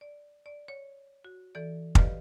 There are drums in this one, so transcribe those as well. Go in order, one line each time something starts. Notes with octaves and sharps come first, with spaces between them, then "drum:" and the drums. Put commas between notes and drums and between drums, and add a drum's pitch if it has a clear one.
D5
D5
C#5
F#4
E3 A4 D5
G4 B4 D5 D#5 F5 F6, drum: kick